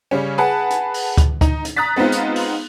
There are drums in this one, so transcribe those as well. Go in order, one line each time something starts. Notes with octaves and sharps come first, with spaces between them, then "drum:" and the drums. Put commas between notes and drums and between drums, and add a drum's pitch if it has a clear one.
C#3 G3 C#4
G#4 B4 F#5 A5
drum: hi-hat
drum: open hi-hat
drum: kick D2, hi-hat
D#4, drum: kick D2, hi-hat
drum: hi-hat
A#5 D#6 F#6 A6 B6
G#3 B3 C4 D#4 F4
drum: hi-hat
drum: open hi-hat